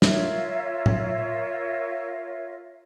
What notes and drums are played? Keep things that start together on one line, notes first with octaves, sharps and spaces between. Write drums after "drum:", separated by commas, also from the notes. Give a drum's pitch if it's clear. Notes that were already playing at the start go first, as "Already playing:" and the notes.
F4 A#4 C#5 E5, drum: snare
drum: tom A2